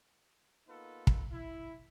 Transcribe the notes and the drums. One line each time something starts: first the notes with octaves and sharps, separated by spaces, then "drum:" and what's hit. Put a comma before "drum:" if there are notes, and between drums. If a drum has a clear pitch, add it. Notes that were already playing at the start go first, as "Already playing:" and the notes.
A#3 B3 D#4 F4 A4 B4
drum: kick
E4